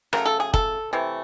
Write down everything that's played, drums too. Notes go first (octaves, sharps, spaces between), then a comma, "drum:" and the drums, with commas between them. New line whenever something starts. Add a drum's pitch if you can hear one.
C#3 F#3 A3 A#4, drum: rim click
A4
G#4
A4, drum: kick
C3 E3 A3